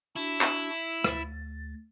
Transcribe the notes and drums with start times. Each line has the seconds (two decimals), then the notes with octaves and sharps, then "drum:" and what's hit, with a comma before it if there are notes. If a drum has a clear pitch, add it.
0.16 D4 E4 F#4
0.41 drum: clap
1.04 D2 A6, drum: rim click